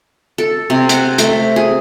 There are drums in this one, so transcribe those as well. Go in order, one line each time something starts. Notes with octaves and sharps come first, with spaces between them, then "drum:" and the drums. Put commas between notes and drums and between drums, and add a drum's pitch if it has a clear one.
A4
C3
F#5, drum: hi-hat
A3, drum: hi-hat
G#4